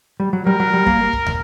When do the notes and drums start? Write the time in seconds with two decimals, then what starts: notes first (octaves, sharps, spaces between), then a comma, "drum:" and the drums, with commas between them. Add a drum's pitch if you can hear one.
0.20 G3
0.33 F#3
0.47 G3 A#4
0.60 F#3
0.74 G3
0.87 A#3, drum: kick
1.13 drum: kick
1.27 drum: tom